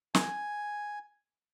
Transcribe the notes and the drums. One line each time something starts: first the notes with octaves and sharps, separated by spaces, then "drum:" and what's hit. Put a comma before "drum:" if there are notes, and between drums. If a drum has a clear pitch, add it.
G#5, drum: snare